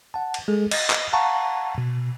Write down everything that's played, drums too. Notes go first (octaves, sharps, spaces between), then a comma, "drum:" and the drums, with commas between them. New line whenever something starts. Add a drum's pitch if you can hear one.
F#5 A5
drum: cymbal
G#3 G#4 A4
D#5 A6, drum: cymbal
drum: clap
F5 F#5 A5 A#5 C#6
B2